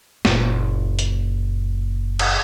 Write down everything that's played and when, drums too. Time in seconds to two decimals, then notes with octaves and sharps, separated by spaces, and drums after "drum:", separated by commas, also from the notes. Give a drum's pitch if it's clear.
0.25 F#1 A#2, drum: snare
0.99 drum: hi-hat
2.19 drum: cymbal